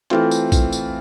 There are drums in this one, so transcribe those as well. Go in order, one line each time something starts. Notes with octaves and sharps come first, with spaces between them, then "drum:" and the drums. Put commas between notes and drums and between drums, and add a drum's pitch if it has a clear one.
E3 A3 C4 F4, drum: clap
drum: tambourine
drum: kick, tambourine
drum: tambourine